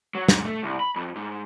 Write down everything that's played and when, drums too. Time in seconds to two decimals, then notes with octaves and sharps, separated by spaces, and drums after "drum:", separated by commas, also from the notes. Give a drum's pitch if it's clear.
0.15 F#3
0.29 G#2, drum: snare
0.45 A3
0.63 C2
0.80 B5
0.96 F2
1.15 G#2